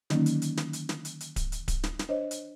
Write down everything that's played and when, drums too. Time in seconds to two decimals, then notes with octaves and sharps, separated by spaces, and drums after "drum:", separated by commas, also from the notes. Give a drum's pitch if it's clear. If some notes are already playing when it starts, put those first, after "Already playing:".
0.10 D3 D#3 F#3 A#3 C#4 D#4, drum: snare
0.26 drum: hi-hat
0.42 drum: hi-hat
0.57 drum: snare
0.73 drum: hi-hat
0.89 drum: snare
1.05 drum: hi-hat
1.20 drum: hi-hat
1.36 drum: kick D1, hi-hat
1.52 drum: hi-hat
1.68 drum: kick D1, hi-hat
1.84 drum: snare
1.99 drum: snare
2.09 D4 C5 C#5 D#5
2.31 drum: hi-hat